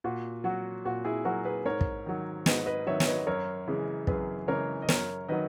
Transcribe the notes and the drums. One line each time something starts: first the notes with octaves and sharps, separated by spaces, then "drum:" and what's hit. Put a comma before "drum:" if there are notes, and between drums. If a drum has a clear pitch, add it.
A#2 F#4
F#3 F#4
A#2 F#4
E4 G#4
F#3 F#4 A#4
G#4 B4
G#2 A#4 C#5
drum: kick
D#3 F#3
G#2 B4 D#5, drum: snare
B4 D#5
D#3 F#3 C#5 E5
C#5, drum: snare
B4 D#5
F#2 A#4 C#5
C#3 E3 G#3
F#2 G#4 B4, drum: kick
C#3 E3 G#3 A#4 C#5
D#5
F#2 A#4 C#5, drum: snare
D#3 F#3 B4 D#5